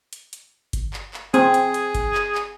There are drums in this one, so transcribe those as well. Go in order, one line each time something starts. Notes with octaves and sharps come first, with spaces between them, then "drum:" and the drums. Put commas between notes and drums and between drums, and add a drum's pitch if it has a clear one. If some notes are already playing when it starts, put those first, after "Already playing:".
drum: hi-hat
drum: hi-hat
drum: kick G1, hi-hat
drum: clap
drum: clap
C4 G#4, drum: hi-hat
drum: hi-hat
drum: hi-hat
drum: kick G1, hi-hat
drum: clap
drum: clap